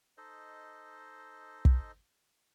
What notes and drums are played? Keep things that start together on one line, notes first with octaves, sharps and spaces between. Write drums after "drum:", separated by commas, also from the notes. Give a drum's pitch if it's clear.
D#4 A4 C5 D#5
drum: kick